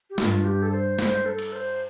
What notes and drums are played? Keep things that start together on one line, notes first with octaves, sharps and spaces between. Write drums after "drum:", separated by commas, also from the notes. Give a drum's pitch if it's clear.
G4
G2 F4, drum: snare
G4
A4
C5
C5, drum: snare
A4
drum: cymbal
C5